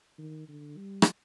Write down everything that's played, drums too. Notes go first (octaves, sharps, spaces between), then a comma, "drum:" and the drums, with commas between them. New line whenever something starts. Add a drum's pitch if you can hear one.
D#3
D3
G3
drum: rim click